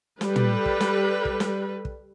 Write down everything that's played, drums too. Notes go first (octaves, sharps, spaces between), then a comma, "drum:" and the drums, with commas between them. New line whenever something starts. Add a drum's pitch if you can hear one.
G3 A4 B4, drum: snare
drum: tom
drum: kick
drum: snare
drum: kick
drum: snare
drum: kick